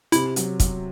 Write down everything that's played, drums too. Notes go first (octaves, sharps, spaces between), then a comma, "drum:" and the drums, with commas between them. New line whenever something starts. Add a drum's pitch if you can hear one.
C3 E4, drum: hi-hat
F#3, drum: hi-hat
F#3, drum: kick, hi-hat